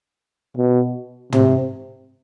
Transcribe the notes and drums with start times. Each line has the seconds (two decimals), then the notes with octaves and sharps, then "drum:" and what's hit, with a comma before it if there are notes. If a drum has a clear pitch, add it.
0.57 B2
1.32 C3, drum: tom